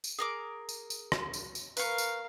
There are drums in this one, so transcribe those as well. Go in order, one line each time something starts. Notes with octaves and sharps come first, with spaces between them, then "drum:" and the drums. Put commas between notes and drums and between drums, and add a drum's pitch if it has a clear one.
drum: tambourine
G#4 A#4 D6
drum: tambourine
drum: tambourine
drum: rim click
drum: tambourine
drum: tambourine
A#4 B4 F5 C#6, drum: tambourine
drum: tambourine